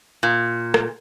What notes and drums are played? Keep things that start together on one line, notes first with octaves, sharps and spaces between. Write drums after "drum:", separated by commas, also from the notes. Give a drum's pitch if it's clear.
A#2
drum: rim click